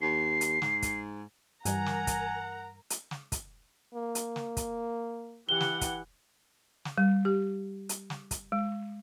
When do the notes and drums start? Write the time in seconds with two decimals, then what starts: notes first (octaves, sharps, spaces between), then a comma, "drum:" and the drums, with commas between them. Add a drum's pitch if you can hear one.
0.01 D#2 C7
0.41 drum: hi-hat
0.62 G#2, drum: snare
0.82 drum: kick, hi-hat
1.65 G2 E3 G3 A#4 F#5 G#5 A#5, drum: hi-hat
1.86 drum: snare
2.07 drum: kick, hi-hat
2.90 drum: hi-hat
3.11 drum: snare
3.32 drum: kick, hi-hat
3.95 A#3
4.15 drum: hi-hat
4.36 drum: snare
4.57 drum: kick, hi-hat
5.49 E3 G4 F#5 G7
5.61 drum: snare
5.81 drum: kick, hi-hat
6.85 drum: snare
6.98 G3
7.25 G4
7.89 drum: hi-hat
8.10 drum: snare
8.31 drum: kick, hi-hat
8.52 G#3